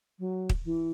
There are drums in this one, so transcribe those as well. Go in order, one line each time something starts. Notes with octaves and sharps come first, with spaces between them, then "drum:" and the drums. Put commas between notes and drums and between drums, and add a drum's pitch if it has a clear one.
F#3
drum: kick
E3